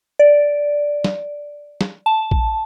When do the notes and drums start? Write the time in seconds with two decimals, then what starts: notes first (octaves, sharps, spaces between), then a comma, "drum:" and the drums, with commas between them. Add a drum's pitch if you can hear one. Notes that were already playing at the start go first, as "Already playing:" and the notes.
0.19 D5
1.04 drum: snare
1.81 drum: snare
2.06 A5
2.31 drum: kick A#1